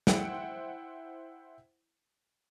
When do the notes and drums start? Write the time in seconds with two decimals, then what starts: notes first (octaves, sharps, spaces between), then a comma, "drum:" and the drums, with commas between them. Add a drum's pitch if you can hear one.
0.07 E4 C5 F#5 G5 C#7 D7, drum: snare